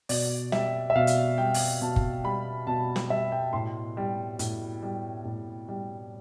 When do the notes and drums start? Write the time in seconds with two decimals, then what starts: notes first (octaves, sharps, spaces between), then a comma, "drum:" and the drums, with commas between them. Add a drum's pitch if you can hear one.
0.09 B2 D5, drum: open hi-hat
0.52 G3 E5, drum: snare
0.90 E5
0.95 B2 F5
1.07 drum: hi-hat
1.38 G3 G5
1.54 drum: open hi-hat
1.82 B2 A5
1.96 drum: kick F#1
2.24 G3 B5
2.67 B2 A5
2.96 drum: snare
3.10 G3 E5
3.32 G5
3.53 A2 C6
3.97 G3
4.39 A2, drum: hi-hat
4.83 G3
5.25 A2
5.69 G3